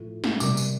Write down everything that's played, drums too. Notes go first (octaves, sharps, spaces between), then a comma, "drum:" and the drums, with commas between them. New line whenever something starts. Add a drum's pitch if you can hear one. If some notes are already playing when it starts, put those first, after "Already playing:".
Already playing: A2 F3 A3
drum: snare
C3 G3 A#3 D6, drum: tambourine
drum: tambourine